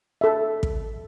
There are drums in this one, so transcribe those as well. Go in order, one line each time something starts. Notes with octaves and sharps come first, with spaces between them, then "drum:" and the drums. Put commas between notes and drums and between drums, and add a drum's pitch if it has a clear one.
A4 E5
drum: kick